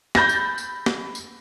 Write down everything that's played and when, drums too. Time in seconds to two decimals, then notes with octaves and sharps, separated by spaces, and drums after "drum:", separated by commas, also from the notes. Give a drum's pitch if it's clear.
0.15 B5 G6 A6 A#6, drum: snare
0.29 drum: tambourine
0.58 drum: tambourine
0.86 drum: snare
1.15 drum: tambourine